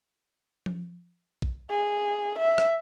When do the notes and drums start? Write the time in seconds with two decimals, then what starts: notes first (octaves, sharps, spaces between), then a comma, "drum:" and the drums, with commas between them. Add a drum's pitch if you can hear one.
0.66 drum: tom F3
1.42 drum: kick A#1
1.70 G#4
2.39 E5
2.58 drum: rim click